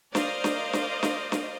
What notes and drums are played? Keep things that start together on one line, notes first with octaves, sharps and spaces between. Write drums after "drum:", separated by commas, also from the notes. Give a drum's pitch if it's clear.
A#4 C5 D5 D#5 F5, drum: snare
drum: snare
drum: snare
drum: snare
drum: snare